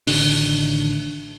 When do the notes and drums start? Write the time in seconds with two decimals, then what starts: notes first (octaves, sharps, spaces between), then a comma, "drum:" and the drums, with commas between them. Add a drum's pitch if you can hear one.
0.07 A1 D3 D#3 D4, drum: open hi-hat